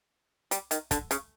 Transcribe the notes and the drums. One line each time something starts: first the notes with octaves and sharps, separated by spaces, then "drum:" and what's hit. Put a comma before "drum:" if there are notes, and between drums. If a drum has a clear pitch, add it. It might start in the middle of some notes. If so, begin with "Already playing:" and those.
G3, drum: hi-hat
D#3, drum: hi-hat
D3, drum: kick, hi-hat
C#3, drum: hi-hat